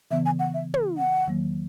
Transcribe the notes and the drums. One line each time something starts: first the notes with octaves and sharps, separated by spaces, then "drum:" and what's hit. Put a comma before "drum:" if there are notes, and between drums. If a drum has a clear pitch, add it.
C#3 E3 B3 E5
G#5
F#5
E5
drum: tom
F#5
E2 D#3 F#3 A#3